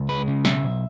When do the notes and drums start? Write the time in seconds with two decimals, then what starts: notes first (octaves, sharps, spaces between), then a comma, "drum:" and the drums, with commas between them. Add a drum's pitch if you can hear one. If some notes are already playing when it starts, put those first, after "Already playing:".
Already playing: C#2
0.09 G#3 B4
0.28 C#3
0.45 B1 E5, drum: snare
0.63 B1